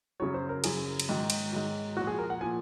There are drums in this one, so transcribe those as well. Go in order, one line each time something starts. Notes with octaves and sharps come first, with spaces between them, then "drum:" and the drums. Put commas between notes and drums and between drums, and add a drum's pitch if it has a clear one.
F#2 C#3 F#3 C#5
C5
A#4
F#2 C#3 F#3 G#4, drum: cymbal
drum: cymbal
G#2 D#3 F#3
drum: cymbal
G#2 D#3 F#3
A#2 F3 F#4
G#4
A#4
F#5
A#2 F3 G#5